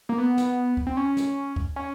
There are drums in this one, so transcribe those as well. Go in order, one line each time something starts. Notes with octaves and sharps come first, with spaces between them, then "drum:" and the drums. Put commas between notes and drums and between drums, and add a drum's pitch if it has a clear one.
A#3
B3
drum: snare
drum: kick C#2
C4
C#4
drum: snare
drum: kick C#2
C#4